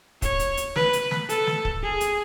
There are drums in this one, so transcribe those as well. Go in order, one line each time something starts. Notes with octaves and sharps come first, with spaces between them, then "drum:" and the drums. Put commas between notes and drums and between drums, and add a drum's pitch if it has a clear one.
C#5, drum: kick, hi-hat
drum: hi-hat
drum: hi-hat
B4, drum: snare
drum: hi-hat
drum: snare
A4, drum: hi-hat
drum: snare
drum: kick
G#4
drum: hi-hat